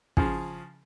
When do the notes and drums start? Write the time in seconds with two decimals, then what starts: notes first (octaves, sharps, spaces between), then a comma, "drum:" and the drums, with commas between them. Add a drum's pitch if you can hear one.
0.17 C#3 F3 G#4, drum: kick